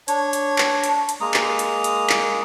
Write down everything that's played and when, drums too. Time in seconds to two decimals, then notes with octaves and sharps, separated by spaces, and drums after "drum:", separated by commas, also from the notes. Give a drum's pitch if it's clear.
0.08 D4 C#5, drum: hi-hat
0.33 drum: hi-hat
0.58 drum: clap
0.84 drum: hi-hat
1.09 drum: hi-hat
1.21 G#3 A#3 A#5 D#6
1.34 drum: clap
1.59 drum: hi-hat
1.84 drum: hi-hat
2.10 drum: clap